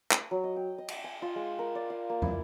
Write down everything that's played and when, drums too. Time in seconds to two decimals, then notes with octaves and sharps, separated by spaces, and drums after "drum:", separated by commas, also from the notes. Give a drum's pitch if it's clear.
0.11 drum: clap
0.31 F#3
0.44 D#5
0.56 G5
0.78 D#5
0.88 drum: cymbal
1.04 G#5
1.22 F4
1.36 G#3
1.59 A#4
1.75 D5
1.90 F5
2.10 A#3
2.22 E4, drum: tom